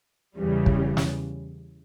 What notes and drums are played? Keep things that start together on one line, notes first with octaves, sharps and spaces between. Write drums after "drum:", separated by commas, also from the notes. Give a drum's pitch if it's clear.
E2 C#3 E3 G3
drum: kick
drum: snare